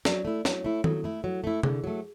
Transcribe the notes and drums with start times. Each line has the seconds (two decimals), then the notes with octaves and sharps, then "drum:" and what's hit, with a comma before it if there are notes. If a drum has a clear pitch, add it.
0.05 F#3 D5, drum: snare
0.25 A3 E4
0.45 F#3 C#5, drum: snare
0.64 A3 E4
0.84 F#3 A4, drum: tom D#3
1.04 A3 E4
1.24 F#3
1.44 A3 E4
1.63 D3 G#4, drum: tom C3
1.84 F#3 A3